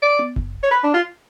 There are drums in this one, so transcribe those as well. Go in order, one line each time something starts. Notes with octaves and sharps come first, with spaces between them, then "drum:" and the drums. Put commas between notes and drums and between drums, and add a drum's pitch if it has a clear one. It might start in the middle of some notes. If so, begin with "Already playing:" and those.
D5
drum: tom B3
drum: kick F#1
C#5
B4
D4
F4